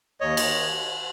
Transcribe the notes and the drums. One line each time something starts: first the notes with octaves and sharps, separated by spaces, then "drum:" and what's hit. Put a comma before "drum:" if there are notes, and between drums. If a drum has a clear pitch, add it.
D#2 C#5 D#5
D#3, drum: cymbal